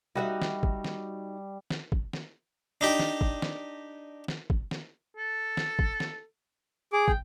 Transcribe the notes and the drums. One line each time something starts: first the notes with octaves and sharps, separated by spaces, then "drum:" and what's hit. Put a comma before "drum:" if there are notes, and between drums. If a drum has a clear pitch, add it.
G3 D#4 F#4 E5
drum: snare
drum: kick
drum: snare
drum: snare
drum: kick
drum: snare
D4 D#4 G4
drum: snare
drum: kick
drum: snare
drum: snare
drum: kick
drum: snare
A4
drum: snare
drum: kick
drum: snare
G#4 D6
G5, drum: kick